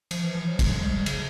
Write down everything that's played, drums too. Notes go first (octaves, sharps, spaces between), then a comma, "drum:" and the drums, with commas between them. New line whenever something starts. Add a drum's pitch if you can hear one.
F3, drum: cymbal
E3
F3
F#3
G#3, drum: kick, cymbal
G3
C#3, drum: cymbal